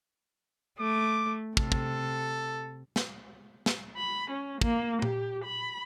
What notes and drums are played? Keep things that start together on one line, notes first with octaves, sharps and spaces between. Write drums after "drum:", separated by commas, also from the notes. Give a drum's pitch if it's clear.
A3 D6
C3 A4, drum: kick
drum: kick
drum: snare
drum: snare
B5
C#4
A#3, drum: kick
G4, drum: tom A#2
B5